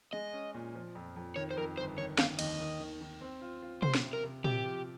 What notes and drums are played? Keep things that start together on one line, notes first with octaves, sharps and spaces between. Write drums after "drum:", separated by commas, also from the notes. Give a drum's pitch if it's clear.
G#3 D#5
C#4
A#2
F3
F2
F2
D#3 C#5
C5
F2 A#4
G1 C5
D#3 C#5
D#3 F5, drum: snare
D#2 D#5, drum: cymbal
D#3
D#3
D#3
C4
F4
F4
C3 C5, drum: tom
drum: snare
C3
A#4
C3
C3 G4, drum: tom
F3